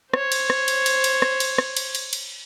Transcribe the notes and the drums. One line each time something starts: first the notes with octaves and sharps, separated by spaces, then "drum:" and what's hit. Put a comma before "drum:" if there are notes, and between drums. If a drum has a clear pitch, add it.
C5 C#5, drum: rim click
drum: cymbal
drum: rim click
drum: cymbal
drum: cymbal
drum: cymbal
drum: rim click
drum: cymbal
drum: rim click
drum: cymbal
drum: cymbal
drum: cymbal